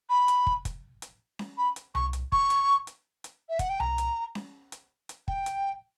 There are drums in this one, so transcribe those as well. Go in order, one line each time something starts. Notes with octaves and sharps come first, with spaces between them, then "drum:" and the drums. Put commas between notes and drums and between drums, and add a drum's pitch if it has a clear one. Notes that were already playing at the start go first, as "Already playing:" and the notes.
B5
drum: hi-hat
drum: kick
drum: kick, hi-hat
drum: hi-hat
drum: snare C#4
B5
drum: hi-hat
C#6, drum: tom C2
drum: hi-hat
C#6, drum: kick
drum: hi-hat
drum: hi-hat
drum: hi-hat
E5
F#5, drum: kick, hi-hat
G5
A#5, drum: tom C2
drum: hi-hat
drum: snare C#4
drum: hi-hat
drum: hi-hat
G5, drum: kick
drum: hi-hat